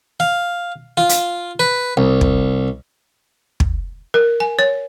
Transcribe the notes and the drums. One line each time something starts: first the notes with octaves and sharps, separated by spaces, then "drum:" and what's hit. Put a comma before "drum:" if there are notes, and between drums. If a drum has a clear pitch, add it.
F5
F4
drum: hi-hat
B4
C2
drum: kick
drum: kick
A#4
G#5
C#5